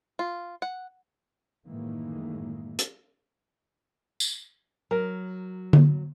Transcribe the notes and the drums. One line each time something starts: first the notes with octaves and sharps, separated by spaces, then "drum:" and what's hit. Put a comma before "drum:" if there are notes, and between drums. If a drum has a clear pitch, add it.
F4
F#5
F#2 A2 D#3 E3 G#3 A#3
drum: hi-hat
drum: tambourine
F#3 A#4
drum: tom D3